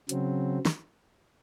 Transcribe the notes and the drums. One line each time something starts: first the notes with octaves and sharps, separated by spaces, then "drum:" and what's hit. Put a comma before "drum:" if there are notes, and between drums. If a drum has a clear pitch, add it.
C#3 F#3 C4, drum: hi-hat
drum: snare